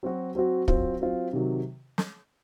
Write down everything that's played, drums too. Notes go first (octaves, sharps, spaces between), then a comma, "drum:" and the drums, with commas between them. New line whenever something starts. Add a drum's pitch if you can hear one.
F#3 C4 F#4
F#3 C4 F#4
F#3 C4 F4, drum: kick
F#3 C4 F4
C3 D#3 F#3
drum: snare